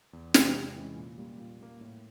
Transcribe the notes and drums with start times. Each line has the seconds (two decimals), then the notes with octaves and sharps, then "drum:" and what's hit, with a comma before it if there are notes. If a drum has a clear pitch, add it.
0.13 E2
0.34 C3 E3 G#3 C#4, drum: snare
0.55 E2
0.76 C3 E3 G#3 C#4
0.97 A#2
1.18 G3 A#3
1.39 A#2
1.59 G3 A#3
1.81 A2